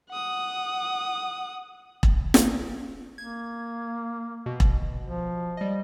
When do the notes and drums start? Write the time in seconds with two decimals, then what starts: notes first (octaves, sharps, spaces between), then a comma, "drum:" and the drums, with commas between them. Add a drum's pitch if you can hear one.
0.11 F#5 D#6
2.03 drum: kick E1
2.34 drum: snare
3.18 A#3 G#6
4.46 B2
4.60 drum: kick E1
5.02 F3
5.57 G3 D#5